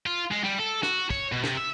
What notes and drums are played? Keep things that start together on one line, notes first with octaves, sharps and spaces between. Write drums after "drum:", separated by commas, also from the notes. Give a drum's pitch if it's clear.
F4
G#3
G3
A4
F#4, drum: snare
C#5, drum: kick
B2
C3, drum: snare
E5